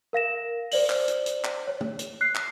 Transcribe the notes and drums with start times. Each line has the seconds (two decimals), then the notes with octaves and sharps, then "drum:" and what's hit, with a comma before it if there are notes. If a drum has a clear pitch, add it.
0.13 A#4 F5 A#6 E7
0.72 C5 D5 F#7, drum: open hi-hat
0.90 drum: clap
1.08 drum: hi-hat
1.26 drum: hi-hat
1.44 drum: clap
1.68 C#5
1.81 drum: tom
1.99 drum: hi-hat
2.21 F#6 C7
2.35 drum: clap